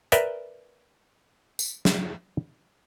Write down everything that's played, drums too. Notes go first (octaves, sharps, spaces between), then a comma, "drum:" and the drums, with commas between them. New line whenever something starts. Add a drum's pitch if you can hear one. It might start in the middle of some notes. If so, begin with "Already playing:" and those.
A#4 B4 D5 E5 G5, drum: hi-hat
drum: tambourine
drum: snare